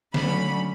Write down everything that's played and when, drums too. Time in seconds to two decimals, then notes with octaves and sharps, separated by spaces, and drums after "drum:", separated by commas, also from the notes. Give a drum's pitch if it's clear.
0.14 D3 F#3 A3 C#4 B5, drum: snare